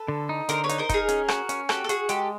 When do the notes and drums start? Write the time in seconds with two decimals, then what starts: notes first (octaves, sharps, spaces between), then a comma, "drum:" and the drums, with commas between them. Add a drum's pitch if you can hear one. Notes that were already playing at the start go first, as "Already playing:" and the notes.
Already playing: A4 B4
0.08 D3
0.29 D#4
0.49 D3 A#4 C5, drum: hi-hat
0.64 B4 C#5
0.69 D#4, drum: hi-hat
0.78 A#4 C5
0.89 D#4 G#4 A#4, drum: kick, hi-hat
1.09 C#4, drum: hi-hat
1.28 F#4, drum: rim click
1.49 C#4, drum: hi-hat
1.69 F#4 G4 A4, drum: rim click
1.84 A4
1.89 F#4 G#4, drum: hi-hat
2.09 G#3 G4 A4, drum: hi-hat